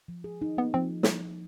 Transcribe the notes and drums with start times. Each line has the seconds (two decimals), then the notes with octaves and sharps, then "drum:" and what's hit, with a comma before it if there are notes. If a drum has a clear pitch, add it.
0.08 F3
0.24 G#4
0.42 D#4
0.57 A#3 B3
0.74 F3 C4
1.03 drum: snare